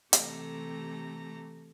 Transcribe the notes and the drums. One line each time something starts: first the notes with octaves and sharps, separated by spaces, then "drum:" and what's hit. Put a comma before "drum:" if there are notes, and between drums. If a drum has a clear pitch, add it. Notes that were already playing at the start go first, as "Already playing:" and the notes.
C3 E3 A3 G4 A4 A#5, drum: hi-hat